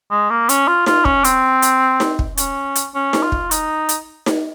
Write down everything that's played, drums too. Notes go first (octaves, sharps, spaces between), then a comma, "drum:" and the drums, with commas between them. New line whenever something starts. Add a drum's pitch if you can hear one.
G#3
A#3
C#4, drum: hi-hat
F4
F4, drum: snare D#4
C#4, drum: kick
C4, drum: hi-hat
drum: hi-hat
drum: snare D#4
drum: kick
C#4, drum: hi-hat
drum: hi-hat
C#4
drum: snare D#4
F4
drum: kick
D#4, drum: hi-hat
drum: hi-hat
drum: snare D#4